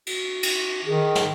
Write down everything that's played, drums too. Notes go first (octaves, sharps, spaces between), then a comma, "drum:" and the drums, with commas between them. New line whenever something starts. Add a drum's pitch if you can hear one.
F#4, drum: cymbal
drum: cymbal
D#3 G#4
drum: snare